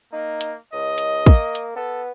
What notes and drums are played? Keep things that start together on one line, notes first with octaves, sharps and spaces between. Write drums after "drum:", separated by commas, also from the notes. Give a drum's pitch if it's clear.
A#3 D#4
drum: hi-hat
C#2 D#5
drum: hi-hat
A#3, drum: kick
drum: hi-hat
B3 A4